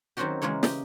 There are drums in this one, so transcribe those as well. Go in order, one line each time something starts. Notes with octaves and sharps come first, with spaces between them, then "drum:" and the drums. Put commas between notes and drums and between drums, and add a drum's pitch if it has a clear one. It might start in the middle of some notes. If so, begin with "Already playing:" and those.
D#3 F#3 C4 C#4 F#4 G4
C#3 E3 G#3 A#3 C#5
G4 D#5, drum: snare